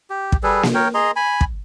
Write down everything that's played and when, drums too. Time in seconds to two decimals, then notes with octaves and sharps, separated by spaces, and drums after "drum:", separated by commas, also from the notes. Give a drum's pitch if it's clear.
0.10 G4
0.32 drum: kick
0.43 G3 G#4 A4 B4
0.63 drum: snare A#3
0.74 A#4 C#5 G5
0.94 G#4 D#5 A#5 C6
1.16 G#5 B5
1.41 drum: kick